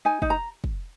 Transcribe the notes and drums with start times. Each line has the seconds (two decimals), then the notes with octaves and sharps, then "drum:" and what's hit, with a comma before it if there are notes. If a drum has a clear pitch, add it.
0.05 D#4 G#5
0.22 D#4, drum: kick
0.30 A#5
0.64 drum: kick